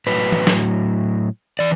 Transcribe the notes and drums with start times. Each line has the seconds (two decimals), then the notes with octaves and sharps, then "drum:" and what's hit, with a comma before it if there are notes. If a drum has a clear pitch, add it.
0.07 A2 F#3 B4
0.32 drum: tom E3
0.47 drum: snare
1.59 E3 D5